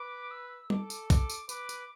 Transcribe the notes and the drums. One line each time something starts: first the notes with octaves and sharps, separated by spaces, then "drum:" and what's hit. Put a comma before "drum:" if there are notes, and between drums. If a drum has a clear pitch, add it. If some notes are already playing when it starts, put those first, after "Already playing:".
Already playing: B4 D6
E6
A4 D6, drum: tom
drum: tambourine
D6, drum: kick, tambourine
drum: tambourine
B4 D6, drum: tambourine
drum: tambourine